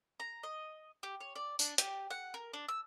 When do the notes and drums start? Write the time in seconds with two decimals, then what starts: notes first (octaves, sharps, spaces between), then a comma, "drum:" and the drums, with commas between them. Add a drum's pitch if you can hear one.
0.20 A#5
0.43 D#5
1.03 G4
1.20 C#5
1.35 D5
1.59 D4, drum: tambourine
1.78 G4, drum: hi-hat
2.10 F#5
2.34 A#4
2.53 D4
2.69 E6